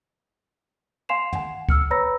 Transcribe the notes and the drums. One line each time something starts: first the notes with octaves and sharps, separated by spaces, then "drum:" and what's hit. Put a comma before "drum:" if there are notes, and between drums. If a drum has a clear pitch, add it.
F5 G#5 C6 C7 E7 F7
F#5 G#5, drum: tom
E6 F6 C#7, drum: kick C#2
B4 C#5 A#5 B5 E6 A#6